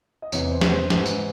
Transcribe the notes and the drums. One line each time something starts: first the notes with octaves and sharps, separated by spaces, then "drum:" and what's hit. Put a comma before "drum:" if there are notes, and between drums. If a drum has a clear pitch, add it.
D#5
E2 C3 E3 C#5, drum: tambourine
C5
drum: snare
C5
G#2 E3 C5, drum: snare
drum: tambourine